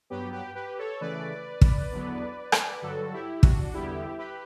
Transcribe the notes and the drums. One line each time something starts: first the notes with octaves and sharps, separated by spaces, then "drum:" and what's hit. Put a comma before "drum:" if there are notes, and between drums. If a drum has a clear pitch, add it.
G2 F#3 B3 G4 B4
G4 B4
G4 B4
A4 C#5
C#3 E3 A3 B4 D5
drum: kick
E2 D3 F#3 B3
drum: rim click
G2 D3 F#3 F#4 A4
E4 G4
D4 F#4, drum: kick
E2 D3 G3 B3 E4 G4
G4 B4